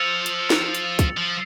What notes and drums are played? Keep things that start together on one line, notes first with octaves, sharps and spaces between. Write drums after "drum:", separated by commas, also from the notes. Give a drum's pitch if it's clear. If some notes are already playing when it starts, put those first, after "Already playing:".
Already playing: F3 E6 A6 C#7 F7
drum: hi-hat
drum: snare
drum: hi-hat
drum: kick, hi-hat
F3